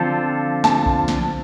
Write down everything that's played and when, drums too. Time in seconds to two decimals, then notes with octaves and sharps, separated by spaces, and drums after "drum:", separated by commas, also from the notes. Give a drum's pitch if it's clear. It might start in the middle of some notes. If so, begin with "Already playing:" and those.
Already playing: D3 F3 C4 F4 A4 A5
0.64 A5, drum: snare
0.86 drum: kick B1
1.08 drum: snare